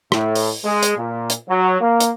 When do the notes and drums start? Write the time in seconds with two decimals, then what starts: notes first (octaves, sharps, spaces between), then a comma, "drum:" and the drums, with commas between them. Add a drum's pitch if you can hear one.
0.12 A2, drum: rim click
0.35 drum: open hi-hat
0.65 G#3
0.83 drum: hi-hat
0.98 A#2
1.30 drum: hi-hat
1.49 F#3
1.81 A#3
2.00 drum: hi-hat